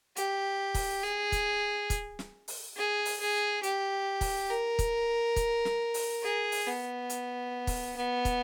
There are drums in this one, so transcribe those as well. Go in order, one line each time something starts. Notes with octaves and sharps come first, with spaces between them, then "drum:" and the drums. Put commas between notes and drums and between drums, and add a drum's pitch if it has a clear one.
G4, drum: hi-hat
drum: kick, open hi-hat
G#4
drum: kick, hi-hat
drum: kick, hi-hat
drum: snare
drum: open hi-hat
G#4
drum: open hi-hat
G#4
G4, drum: hi-hat
drum: kick, open hi-hat
A#4
drum: kick, hi-hat
drum: kick, hi-hat
drum: snare
drum: open hi-hat
G#4
drum: open hi-hat
B3
drum: hi-hat
drum: kick, open hi-hat
B3
drum: kick, hi-hat